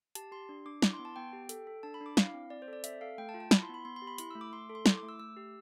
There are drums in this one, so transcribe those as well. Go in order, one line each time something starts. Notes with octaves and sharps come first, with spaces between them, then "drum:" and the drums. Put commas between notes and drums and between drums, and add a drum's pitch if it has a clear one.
G4 A5, drum: hi-hat
G4 C6
D4
D4 D6
E4 D6, drum: snare
C6
B3
A5
B3 G5
G4
A4, drum: hi-hat
A4
D4 A5
B5
D4 D6
E4 F5, drum: snare
C4
C4 D5
C5
A4
D5
C4 E5, drum: hi-hat
A4 F5
A3 G5
A5
F4
A5
E4 B5, drum: snare
C6
B3
B5
B3 C6
C6
G4
B5
E4 B5, drum: hi-hat
A3 E6
D6
A3 C6
A4
C6
E4 D6, drum: snare
D6
A3
E6
A3 E6
G4